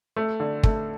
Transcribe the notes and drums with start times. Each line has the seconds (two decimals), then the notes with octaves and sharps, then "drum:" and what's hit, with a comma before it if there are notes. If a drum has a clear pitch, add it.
0.16 A3
0.40 D3
0.63 A3, drum: kick